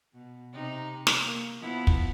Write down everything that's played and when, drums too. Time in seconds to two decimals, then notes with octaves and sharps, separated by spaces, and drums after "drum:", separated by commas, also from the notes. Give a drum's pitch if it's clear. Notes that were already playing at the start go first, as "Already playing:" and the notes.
0.14 B2
0.53 C3 D#4
1.07 drum: snare
1.23 A#3
1.60 F3 B3 E4
1.87 drum: kick